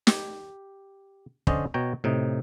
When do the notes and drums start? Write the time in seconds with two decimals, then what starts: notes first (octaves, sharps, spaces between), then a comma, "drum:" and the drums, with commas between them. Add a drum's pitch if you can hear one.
0.07 G4, drum: snare
1.47 D3 C#4 C5 D5 D#5, drum: kick
1.74 B2 C#5 G5 A#5
2.04 A2 C3 D#4